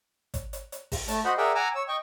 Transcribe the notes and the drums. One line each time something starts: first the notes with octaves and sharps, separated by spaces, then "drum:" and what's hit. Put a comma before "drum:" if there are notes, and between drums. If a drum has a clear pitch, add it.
drum: kick, hi-hat
drum: hi-hat
drum: hi-hat
drum: kick, open hi-hat
A3 A5, drum: hi-hat
F#4 C5 D#5 F#5 B5
G#4 A#4 D5 E5 F#5 G5
F#5 G#5 A#5 D6 E6
C#5 E6
D#5 G5 C#6